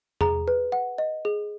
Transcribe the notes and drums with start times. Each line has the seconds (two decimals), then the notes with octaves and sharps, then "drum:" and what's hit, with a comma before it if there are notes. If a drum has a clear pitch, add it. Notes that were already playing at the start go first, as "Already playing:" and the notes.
0.21 G#4 A#5, drum: tom E2
0.48 B4
0.72 F#5
0.98 D#5
1.25 G#4